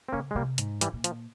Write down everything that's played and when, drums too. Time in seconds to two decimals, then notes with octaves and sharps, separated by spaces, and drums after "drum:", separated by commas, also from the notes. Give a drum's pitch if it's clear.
0.09 C4
0.12 C#3 A#3 C#4
0.31 G#3
0.35 C3 G3 A#3
0.58 G#2, drum: hi-hat
0.81 E3 G3, drum: hi-hat
0.93 A#2
1.04 F3, drum: hi-hat